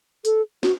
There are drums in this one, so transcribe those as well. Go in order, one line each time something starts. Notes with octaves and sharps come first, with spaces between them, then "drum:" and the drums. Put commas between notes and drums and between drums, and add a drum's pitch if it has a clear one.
A4, drum: hi-hat
F#4, drum: snare